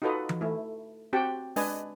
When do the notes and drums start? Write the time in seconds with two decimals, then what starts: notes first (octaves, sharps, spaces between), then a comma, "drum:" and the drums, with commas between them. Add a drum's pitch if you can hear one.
0.02 D#4 F4 F#4 A4 B4 D#5
0.29 drum: tom E3
0.41 A3 E4
1.13 C4 F#4 G4 F#5 G5 A5
1.56 G#3 D4 B4 D#5 G#5, drum: open hi-hat